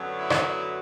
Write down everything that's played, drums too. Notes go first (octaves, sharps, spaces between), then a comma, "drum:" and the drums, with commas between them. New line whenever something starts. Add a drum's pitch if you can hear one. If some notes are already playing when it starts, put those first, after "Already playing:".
Already playing: F#2 D3 F#3 B3
E4
drum: rim click